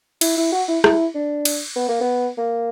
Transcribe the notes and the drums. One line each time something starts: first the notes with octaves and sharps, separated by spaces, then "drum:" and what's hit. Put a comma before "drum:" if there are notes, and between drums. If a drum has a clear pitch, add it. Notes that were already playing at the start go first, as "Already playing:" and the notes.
E4, drum: cymbal
E4
F#4
E4
E4, drum: rim click
D4
drum: cymbal
B3
A#3
B3
A#3